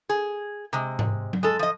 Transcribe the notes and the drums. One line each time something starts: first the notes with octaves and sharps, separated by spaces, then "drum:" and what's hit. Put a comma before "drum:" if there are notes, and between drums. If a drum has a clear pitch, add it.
G#4
C3 G#3
drum: tom G#2
drum: tom F#3
G#3 A4
F3 D#5